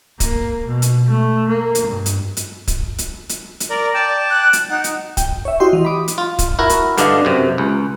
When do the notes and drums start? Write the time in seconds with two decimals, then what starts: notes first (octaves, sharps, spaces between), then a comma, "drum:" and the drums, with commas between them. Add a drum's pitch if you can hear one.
0.20 A#3, drum: kick, hi-hat
0.66 B2
0.82 drum: hi-hat
1.08 A3
1.48 A#3
1.75 drum: hi-hat
1.87 G2
2.06 drum: hi-hat
2.37 drum: hi-hat
2.68 drum: kick, hi-hat
2.98 drum: hi-hat
3.29 drum: hi-hat
3.60 drum: hi-hat
3.70 A#4 D5 A#5
3.94 D5 G5 A5 D6
4.30 F#6
4.53 drum: hi-hat
4.70 D#4 F#5
4.84 drum: hi-hat
5.17 G5, drum: kick, hi-hat
5.45 C#5 E5
5.60 E4 F#4 G4 D#5 G5 C6
5.73 E3 D#5
5.85 B5 D6 D#6
6.08 drum: hi-hat
6.18 F4
6.39 drum: kick, hi-hat
6.59 E4 F#4 A#4
6.69 drum: hi-hat
6.98 G2 D3 D4 D5 D#5 F5, drum: hi-hat
7.25 F#2 C3
7.58 C#2